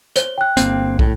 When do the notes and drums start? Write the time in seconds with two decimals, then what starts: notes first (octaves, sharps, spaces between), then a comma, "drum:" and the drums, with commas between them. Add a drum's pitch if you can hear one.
0.16 C5 C#5 G7, drum: hi-hat
0.38 G5 F#6
0.57 G1 A#3 C4, drum: hi-hat
0.99 A2, drum: kick